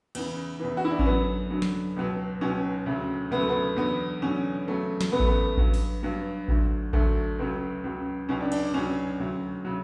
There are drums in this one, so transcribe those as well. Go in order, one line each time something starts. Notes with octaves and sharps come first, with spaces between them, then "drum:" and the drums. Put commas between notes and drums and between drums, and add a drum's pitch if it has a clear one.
E2 C#3 E3, drum: cymbal
E2 C#3 E3
F#4
E4
D4
C#4, drum: kick A1
F#2 D3 F#3 B3
F#2 D3 F#3
drum: snare
C#2 B2 F#3
C#2 B2 F#3 C#4
D2 C#3 F#3
D2 C#3 F#3 B3
A3
B3
E2 D3 F#3 B3
E2 D3 F#3 C#4
E2 C#3 F#3 A3
drum: snare
E2 C#3 F#3 B3
A3, drum: kick A1
B3
G2 F#3, drum: kick A1
drum: open hi-hat
G2 F#3
D2 D3 F#3, drum: kick A1
D2 D3 F#3 A3, drum: kick A1
C#2 C#3 F#3
C#2 C#3 F#3
C#2 C#3 F#3 C#4
D4
D4, drum: cymbal
D4
C#2 C#3 F#3 C#4
D2 C#3 F#3
C#3 F#3